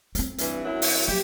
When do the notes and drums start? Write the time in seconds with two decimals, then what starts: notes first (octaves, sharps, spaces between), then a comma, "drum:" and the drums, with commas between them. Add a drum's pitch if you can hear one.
0.15 A3 C4, drum: hi-hat
0.38 G2 E3, drum: hi-hat
0.64 F#2 F#3 E4
0.82 drum: open hi-hat
1.08 F#3 A#3 G4